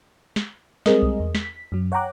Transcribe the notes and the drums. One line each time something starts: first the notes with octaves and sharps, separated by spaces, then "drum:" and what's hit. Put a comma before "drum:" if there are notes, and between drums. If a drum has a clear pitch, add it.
drum: snare
G3 G#3 C4 G#4 A#4 D#5, drum: snare
drum: kick B1
E2
B6, drum: snare
F#2 F#3
C#5 F#5 G5 A#5 D6 F#6